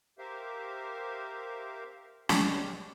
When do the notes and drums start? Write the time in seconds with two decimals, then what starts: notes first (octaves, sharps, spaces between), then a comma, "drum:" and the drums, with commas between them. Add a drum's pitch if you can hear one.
0.18 G4 A#4 C5 E5 F5
2.29 B2 G#3 C#4 D4 G4, drum: snare